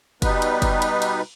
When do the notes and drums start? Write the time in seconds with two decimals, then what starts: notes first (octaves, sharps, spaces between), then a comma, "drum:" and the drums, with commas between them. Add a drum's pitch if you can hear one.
0.22 B2 G3 B3 D#4 B4, drum: kick F#1, cymbal
0.42 drum: cymbal
0.62 drum: kick F#1, cymbal
0.82 drum: cymbal
1.02 drum: cymbal